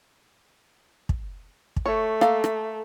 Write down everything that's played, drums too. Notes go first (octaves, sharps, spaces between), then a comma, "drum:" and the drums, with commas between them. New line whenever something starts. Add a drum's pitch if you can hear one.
drum: kick
drum: kick
A3 C#5
A#3 A4 F5, drum: rim click
drum: rim click